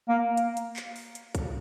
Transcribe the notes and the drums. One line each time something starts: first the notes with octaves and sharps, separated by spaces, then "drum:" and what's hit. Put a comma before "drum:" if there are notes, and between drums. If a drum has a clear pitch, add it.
A#3
drum: hi-hat
drum: hi-hat
drum: clap
drum: open hi-hat
drum: hi-hat
drum: kick, hi-hat